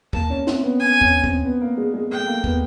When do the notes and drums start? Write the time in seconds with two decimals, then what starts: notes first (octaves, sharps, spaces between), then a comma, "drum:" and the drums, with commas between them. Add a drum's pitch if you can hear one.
0.13 A#3 A5, drum: kick
0.30 C#4
0.47 C4, drum: snare
0.63 B3
0.79 G#5
1.01 C#4, drum: kick
1.24 C4, drum: kick
1.45 B3
1.61 A#3
1.77 G#3
1.94 G#3
2.11 A3 G5
2.27 A#3
2.44 B3, drum: kick